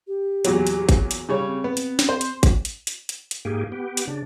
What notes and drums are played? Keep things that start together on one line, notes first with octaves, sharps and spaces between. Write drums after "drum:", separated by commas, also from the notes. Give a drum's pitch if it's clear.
G4
E2 A#2 F#3, drum: hi-hat
drum: hi-hat
drum: kick G#1, hi-hat
drum: hi-hat
C#3 G3 C#5
C4
B3
drum: hi-hat
drum: snare
C5
drum: hi-hat
drum: kick G#1, hi-hat
drum: hi-hat
drum: hi-hat
drum: hi-hat
drum: hi-hat
G#2 A#3 G4 G#4
B3 G4
drum: hi-hat
C#3 D4